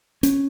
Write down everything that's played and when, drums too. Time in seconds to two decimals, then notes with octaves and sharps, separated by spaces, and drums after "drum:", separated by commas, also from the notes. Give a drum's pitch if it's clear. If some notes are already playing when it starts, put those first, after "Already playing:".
0.23 C#4, drum: hi-hat